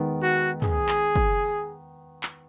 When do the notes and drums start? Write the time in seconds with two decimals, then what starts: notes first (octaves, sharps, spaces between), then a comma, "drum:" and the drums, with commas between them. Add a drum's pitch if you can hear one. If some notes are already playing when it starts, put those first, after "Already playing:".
Already playing: D#3 G#3 B3
0.22 F#4
0.62 G#4, drum: tom
0.89 drum: clap
1.16 drum: kick
2.23 drum: clap